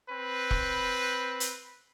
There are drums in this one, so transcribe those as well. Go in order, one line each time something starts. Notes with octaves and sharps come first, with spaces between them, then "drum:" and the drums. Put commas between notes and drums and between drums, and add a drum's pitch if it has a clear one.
C4 B4
drum: kick E1
drum: hi-hat